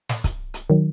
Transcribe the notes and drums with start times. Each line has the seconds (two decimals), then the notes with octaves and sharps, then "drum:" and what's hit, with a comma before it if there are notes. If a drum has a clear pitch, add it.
0.09 drum: snare
0.24 drum: kick C#1, hi-hat
0.54 drum: hi-hat
0.70 D#3 F#3